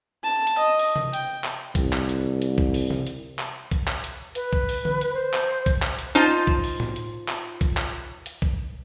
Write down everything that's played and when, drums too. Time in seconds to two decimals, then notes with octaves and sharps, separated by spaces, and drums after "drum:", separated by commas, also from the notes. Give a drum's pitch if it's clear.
0.24 A5
0.47 drum: hi-hat
0.58 D#5
0.79 drum: open hi-hat
0.96 drum: tom C3
1.13 G5, drum: hi-hat
1.44 drum: clap
1.75 C2, drum: kick B1, hi-hat
1.93 drum: clap
2.09 drum: hi-hat
2.42 drum: hi-hat
2.58 drum: kick B1
2.74 drum: open hi-hat
2.90 drum: tom C3
3.07 drum: hi-hat
3.39 drum: clap
3.71 drum: kick B1, hi-hat
3.88 drum: clap
4.04 drum: hi-hat
4.35 B4, drum: hi-hat
4.53 drum: kick B1
4.69 drum: open hi-hat
4.85 drum: tom D3
5.01 drum: hi-hat
5.14 C5
5.34 drum: clap
5.66 drum: kick B1, hi-hat
5.82 drum: clap
5.99 drum: hi-hat
6.15 D#4 F4 C5 A5
6.47 drum: kick B1
6.64 drum: open hi-hat
6.80 drum: tom A2
6.96 drum: hi-hat
7.29 drum: clap
7.61 drum: kick B1, hi-hat
7.77 drum: clap
8.26 drum: hi-hat
8.42 drum: kick B1